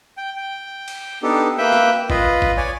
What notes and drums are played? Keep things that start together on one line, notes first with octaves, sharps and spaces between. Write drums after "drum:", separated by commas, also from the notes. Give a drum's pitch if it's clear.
G5
G5
drum: cymbal
B3 D4 D#4 G4 A4
A#3 B4 E5 G5
drum: snare
F4 B4 D#5, drum: kick A1
drum: kick A1
C#5 D5 G#5